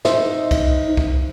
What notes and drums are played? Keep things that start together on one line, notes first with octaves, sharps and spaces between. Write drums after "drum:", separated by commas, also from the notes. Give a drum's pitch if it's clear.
D#4 C5 E5, drum: snare
drum: kick C2, cymbal
drum: kick C2